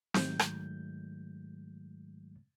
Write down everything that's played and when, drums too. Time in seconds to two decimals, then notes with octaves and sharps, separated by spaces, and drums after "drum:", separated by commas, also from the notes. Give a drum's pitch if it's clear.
0.14 G#2 D#3 F#3 G#3 A3 G6, drum: snare C4
0.39 drum: rim click